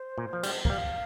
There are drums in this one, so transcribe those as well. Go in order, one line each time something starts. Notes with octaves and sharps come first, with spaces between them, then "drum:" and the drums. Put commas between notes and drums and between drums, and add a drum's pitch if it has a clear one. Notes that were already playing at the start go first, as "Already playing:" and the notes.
Already playing: C5
A#2
F3
G3, drum: cymbal
A#3, drum: kick
G3 F5